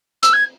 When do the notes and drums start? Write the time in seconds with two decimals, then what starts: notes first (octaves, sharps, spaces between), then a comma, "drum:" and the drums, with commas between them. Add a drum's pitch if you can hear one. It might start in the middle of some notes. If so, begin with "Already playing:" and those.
0.23 E6, drum: hi-hat
0.33 G#6